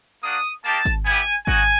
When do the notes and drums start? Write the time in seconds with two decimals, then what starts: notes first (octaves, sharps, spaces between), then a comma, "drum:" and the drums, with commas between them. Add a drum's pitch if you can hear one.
0.23 A#3 D4 F#4 D#6, drum: tambourine
0.44 drum: tambourine
0.64 A#3 D#4 G4 A5, drum: tambourine
0.85 drum: kick G#1, tambourine
1.06 B3 E4 G4 G#5, drum: tambourine
1.47 D#4 F#4 G#5, drum: kick G#1